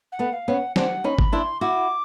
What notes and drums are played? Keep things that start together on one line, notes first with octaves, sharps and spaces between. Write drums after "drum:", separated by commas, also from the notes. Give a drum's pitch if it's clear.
F#5
A3 B3
F5
B3 C#4
F#5
C4 D4 F#5, drum: snare
C#4 D#4 B5
drum: kick
D4 E4 C6
E4 F#4 D6